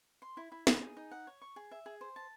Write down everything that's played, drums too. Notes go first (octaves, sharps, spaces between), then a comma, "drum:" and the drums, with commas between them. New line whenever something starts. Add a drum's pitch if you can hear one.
C6
E4
E4
D#4, drum: snare
G#4
D#4
F#5
C#5
C#6
G#4
E5
G#4
C5
A5